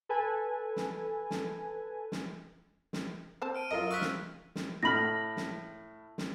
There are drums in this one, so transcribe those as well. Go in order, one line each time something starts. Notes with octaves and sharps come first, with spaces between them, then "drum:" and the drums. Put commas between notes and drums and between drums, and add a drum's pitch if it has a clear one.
A4 B4 G#5
drum: snare
drum: snare
drum: snare
drum: snare
C4 C5 A5
F6 D7 D#7
F#2 F4 A#4 D#5
C5 F5 C#6 E6 F#6 B6
drum: snare
drum: snare
A2 B5 F6 A#6 F#7
drum: snare
drum: snare